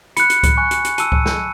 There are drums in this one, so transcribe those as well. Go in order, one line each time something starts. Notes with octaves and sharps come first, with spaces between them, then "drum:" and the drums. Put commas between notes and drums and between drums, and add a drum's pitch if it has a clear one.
B5 F#6 C#7, drum: hi-hat
drum: hi-hat
drum: kick C#2, hi-hat
G#5 C#6 F#6
drum: hi-hat
drum: hi-hat
A5 E6 D#7, drum: hi-hat
drum: kick C#2
drum: snare